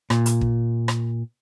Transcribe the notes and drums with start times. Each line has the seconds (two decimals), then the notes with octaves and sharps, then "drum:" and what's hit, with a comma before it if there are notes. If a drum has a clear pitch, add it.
0.10 A#2, drum: rim click
0.26 drum: hi-hat
0.41 drum: kick
0.88 drum: rim click